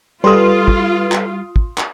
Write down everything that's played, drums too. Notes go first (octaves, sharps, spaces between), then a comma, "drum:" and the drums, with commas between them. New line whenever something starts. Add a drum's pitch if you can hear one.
G3 F4 A4 B4 C6 D#6
drum: kick
drum: clap
drum: kick
drum: clap